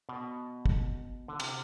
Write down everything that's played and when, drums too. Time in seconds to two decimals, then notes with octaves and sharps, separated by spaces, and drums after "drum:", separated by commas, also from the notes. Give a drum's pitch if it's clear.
0.09 B2
0.66 drum: kick
1.28 D3
1.40 C3, drum: cymbal